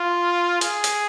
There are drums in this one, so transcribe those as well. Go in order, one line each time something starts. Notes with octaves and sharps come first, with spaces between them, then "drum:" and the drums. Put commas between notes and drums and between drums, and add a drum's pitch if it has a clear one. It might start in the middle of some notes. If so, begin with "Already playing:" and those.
Already playing: F4
G#4, drum: hi-hat
drum: hi-hat